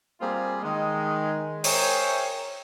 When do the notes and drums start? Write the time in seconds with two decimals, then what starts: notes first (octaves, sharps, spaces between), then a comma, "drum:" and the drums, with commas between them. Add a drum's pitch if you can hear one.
0.21 G3 A#3 C4 F4 G#4
0.63 D#3 G#3
1.64 G#4 A#4 C5 C#5 E5 G5, drum: open hi-hat